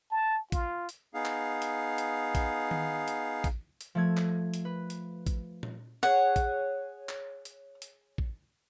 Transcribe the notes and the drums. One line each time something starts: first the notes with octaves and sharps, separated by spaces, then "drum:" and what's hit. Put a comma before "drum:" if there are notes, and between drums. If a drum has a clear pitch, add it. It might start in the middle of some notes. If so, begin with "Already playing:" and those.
A5
F4, drum: kick A1, hi-hat
drum: hi-hat
B3 D#4 G#4 F5
drum: clap
drum: hi-hat
drum: hi-hat
drum: kick A1, hi-hat
drum: tom D#3
drum: hi-hat
drum: kick A1, hi-hat
drum: hi-hat
F3 A3 G#6
drum: clap
drum: hi-hat
B4
drum: hi-hat
drum: kick A1, hi-hat
drum: tom A#2
G#4 C#5 F#5
drum: kick A1, hi-hat
drum: clap
drum: hi-hat
drum: hi-hat
drum: kick A1